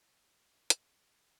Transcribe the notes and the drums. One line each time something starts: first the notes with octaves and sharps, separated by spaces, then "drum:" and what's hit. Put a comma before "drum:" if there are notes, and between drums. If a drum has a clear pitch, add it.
F3
D#3
D#3
C#3, drum: hi-hat
G#2
G#2
C4